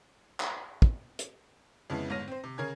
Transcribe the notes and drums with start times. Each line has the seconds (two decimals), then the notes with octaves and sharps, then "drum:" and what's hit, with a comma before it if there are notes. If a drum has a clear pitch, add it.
0.40 drum: clap
0.82 drum: kick
1.19 drum: hi-hat
1.90 F2 C#3 F3 G#3 B3 E4
2.10 G1 G#2 C#5 F6 A#6 D#7
2.28 C4 C5
2.44 C3
2.58 C#3 G#4 A#4 C#5 G#6